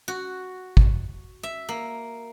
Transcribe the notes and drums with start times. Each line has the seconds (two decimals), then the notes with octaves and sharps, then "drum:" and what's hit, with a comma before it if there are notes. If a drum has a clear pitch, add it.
0.08 F#4
0.77 drum: kick
1.43 E5
1.69 A#3